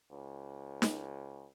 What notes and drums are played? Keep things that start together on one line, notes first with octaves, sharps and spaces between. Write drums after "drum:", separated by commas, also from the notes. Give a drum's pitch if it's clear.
C#2
drum: snare